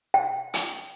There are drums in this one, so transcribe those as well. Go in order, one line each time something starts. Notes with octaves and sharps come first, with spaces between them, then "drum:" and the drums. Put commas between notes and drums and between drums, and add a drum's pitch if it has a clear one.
G5
drum: hi-hat